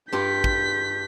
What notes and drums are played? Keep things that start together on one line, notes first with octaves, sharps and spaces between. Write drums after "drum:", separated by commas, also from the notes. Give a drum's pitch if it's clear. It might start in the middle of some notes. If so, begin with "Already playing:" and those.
G2 F4 G4 G6 B6
drum: kick